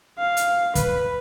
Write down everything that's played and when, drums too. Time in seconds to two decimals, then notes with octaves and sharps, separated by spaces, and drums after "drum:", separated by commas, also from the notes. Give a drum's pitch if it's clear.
0.18 F5
0.37 drum: hi-hat
0.75 B4, drum: kick, hi-hat